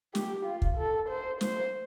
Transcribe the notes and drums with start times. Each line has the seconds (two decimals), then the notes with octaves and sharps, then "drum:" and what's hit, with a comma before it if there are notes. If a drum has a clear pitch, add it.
0.15 G4, drum: snare
0.46 F4
0.62 drum: kick
0.77 A4
1.09 C5
1.41 C5, drum: snare